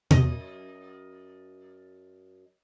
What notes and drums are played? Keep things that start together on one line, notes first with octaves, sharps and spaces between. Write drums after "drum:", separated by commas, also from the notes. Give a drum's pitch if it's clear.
F#2 D#5, drum: tom B2